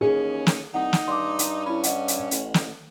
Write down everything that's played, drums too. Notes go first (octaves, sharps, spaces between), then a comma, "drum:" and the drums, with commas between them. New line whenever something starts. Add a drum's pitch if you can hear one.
D#2 E3 C#4 G#4
drum: snare
C2 D#4 F#5
drum: snare
G2 C6 D6
drum: hi-hat
C#4 E4 B5
D#5 F#5, drum: hi-hat
drum: hi-hat
A1, drum: hi-hat
drum: snare